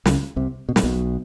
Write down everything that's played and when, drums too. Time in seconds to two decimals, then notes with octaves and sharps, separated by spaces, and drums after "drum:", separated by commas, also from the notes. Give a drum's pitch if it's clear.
0.05 C#2 C#3, drum: snare
0.36 C2 C3
0.69 B2
0.76 A#2, drum: snare
0.83 B1 B2